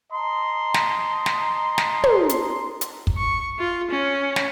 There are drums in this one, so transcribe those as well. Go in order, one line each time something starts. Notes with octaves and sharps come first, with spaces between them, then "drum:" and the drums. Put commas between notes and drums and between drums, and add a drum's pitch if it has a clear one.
D#5 A5 A#5 C6
drum: snare
drum: snare
drum: snare
drum: tom
drum: hi-hat
drum: hi-hat
drum: kick
C#6
F4
C#4
drum: snare